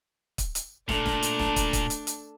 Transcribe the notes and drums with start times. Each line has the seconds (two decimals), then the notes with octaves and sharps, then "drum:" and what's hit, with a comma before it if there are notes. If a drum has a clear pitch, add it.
0.38 drum: kick, hi-hat
0.55 drum: hi-hat
0.89 A#2 A3 D4, drum: snare
1.06 drum: snare
1.23 drum: hi-hat
1.39 drum: snare
1.56 drum: kick, hi-hat
1.73 drum: kick, hi-hat
1.90 drum: hi-hat
2.07 drum: hi-hat